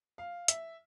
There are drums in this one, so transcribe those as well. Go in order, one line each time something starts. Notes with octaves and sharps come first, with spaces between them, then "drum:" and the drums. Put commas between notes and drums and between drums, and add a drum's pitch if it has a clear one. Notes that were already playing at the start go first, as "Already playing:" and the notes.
F5
E5, drum: hi-hat